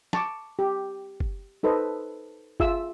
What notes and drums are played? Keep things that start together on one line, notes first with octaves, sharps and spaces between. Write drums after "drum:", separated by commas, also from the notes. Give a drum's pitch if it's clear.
A5 C#6 D6, drum: snare
G4
drum: kick F#1
D#4 A4 B4 C5 D#5
F4 G#4 E5 E6, drum: kick F#1